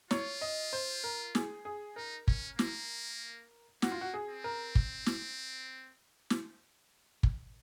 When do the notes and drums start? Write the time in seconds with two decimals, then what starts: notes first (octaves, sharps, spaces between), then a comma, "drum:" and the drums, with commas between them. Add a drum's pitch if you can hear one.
0.11 F4 C#5, drum: snare
0.41 D#5
0.73 C5
1.04 A#4
1.35 G#4, drum: snare
1.65 G#4
1.96 D#4 A#4
2.28 C#4, drum: kick
2.59 A#3, drum: snare
3.82 A#3 F#4, drum: snare
3.92 F4
4.01 F#4
4.14 G#4
4.29 C4
4.44 A#4
4.75 drum: kick
5.06 drum: snare
6.30 drum: snare
7.23 drum: kick